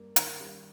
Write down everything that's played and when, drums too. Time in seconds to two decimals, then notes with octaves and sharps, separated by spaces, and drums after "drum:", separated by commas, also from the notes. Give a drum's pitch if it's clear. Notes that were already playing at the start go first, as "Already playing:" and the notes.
Already playing: G2 A#3
0.16 D#3, drum: hi-hat
0.40 G3